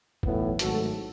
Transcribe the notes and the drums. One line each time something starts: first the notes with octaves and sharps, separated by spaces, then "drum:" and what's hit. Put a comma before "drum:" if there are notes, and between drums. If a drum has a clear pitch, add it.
B1 A2 E3 B3, drum: kick
G#1 G#2 F#3 A3 F#4 A4, drum: hi-hat